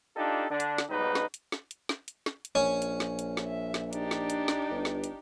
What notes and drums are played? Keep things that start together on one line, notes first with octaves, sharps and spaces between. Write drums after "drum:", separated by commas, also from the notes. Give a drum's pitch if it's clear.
D4 D#4 F4 G4 A4
D3 D4
drum: hi-hat
drum: snare
B1 G#2 G3 D#4 B4
drum: snare
drum: hi-hat
drum: snare
drum: hi-hat
drum: snare
drum: hi-hat
drum: snare
drum: hi-hat
A#1 C#4
drum: hi-hat
drum: snare
drum: hi-hat
drum: snare
E5
drum: snare
D4 D#4 G4, drum: hi-hat
drum: snare
drum: hi-hat
drum: snare
G1
drum: snare
drum: hi-hat